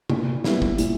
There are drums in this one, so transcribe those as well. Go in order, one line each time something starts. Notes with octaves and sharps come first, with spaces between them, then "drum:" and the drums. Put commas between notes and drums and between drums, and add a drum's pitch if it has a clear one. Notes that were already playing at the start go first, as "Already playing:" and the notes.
A#2, drum: tom C3
G3 B3 E4, drum: snare
drum: kick
A#2, drum: hi-hat